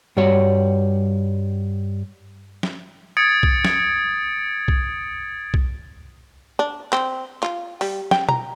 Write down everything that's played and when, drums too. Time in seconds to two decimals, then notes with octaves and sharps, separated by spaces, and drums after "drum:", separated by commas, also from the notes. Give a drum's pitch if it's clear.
0.17 G2 G3 F#4 C#5
2.63 drum: snare
3.17 D#6 G#6 A6 C#7 D7
3.43 drum: kick B1
3.65 drum: snare
4.68 drum: kick B1
5.54 drum: kick B1
6.59 D4
6.93 C4, drum: clap
7.43 F4, drum: clap
7.81 G3, drum: open hi-hat
8.11 G5, drum: snare
8.29 A#5, drum: tom B2